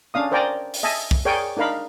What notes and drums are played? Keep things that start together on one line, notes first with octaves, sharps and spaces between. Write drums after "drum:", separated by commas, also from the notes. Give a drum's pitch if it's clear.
C#4 D4 F5 D#6
A#4 C5 D5 G5 G#5 A#5
drum: open hi-hat
D#5 E5 G#5 A5
drum: kick
G#4 A#4 C#5 D5 G5 G#5
D4 D#4 A#4 F5 B5